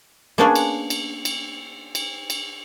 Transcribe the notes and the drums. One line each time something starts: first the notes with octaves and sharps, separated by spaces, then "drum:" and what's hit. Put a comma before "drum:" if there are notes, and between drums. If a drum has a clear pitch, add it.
A#3 B3 C#4 D4 G#4 C#5
drum: cymbal
drum: cymbal
drum: cymbal
drum: cymbal
drum: cymbal